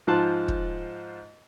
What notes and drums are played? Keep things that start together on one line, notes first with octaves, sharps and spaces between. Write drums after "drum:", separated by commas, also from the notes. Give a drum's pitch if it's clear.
G#2 F3 F4 C5 A5 F#6
drum: kick